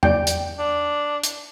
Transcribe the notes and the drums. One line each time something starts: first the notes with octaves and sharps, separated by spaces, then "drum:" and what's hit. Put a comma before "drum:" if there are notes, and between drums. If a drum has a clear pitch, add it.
D5 G5, drum: tom E2
drum: hi-hat
D4
drum: hi-hat